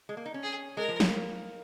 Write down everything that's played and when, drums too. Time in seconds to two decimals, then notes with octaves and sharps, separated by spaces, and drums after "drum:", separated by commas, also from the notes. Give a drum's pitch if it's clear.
0.09 G#3
0.17 A#3
0.25 D#4
0.34 C#4
0.43 G#4
0.77 G#3 A#4
0.88 F3
1.00 A#3, drum: snare